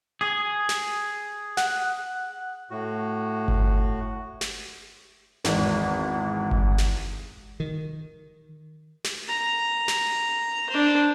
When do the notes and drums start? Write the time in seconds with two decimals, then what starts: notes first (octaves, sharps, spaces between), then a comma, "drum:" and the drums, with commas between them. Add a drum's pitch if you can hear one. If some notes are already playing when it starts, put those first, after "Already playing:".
0.21 G#4
0.69 drum: snare
1.57 F#5 F#6, drum: snare
2.70 A2 F#4
3.48 drum: kick G1
4.41 drum: snare
5.45 G#1 E2 G#2, drum: snare
6.51 drum: kick G1
6.78 drum: snare
7.60 D#3
9.04 drum: snare
9.28 A#5
9.88 drum: snare
10.69 D4 C5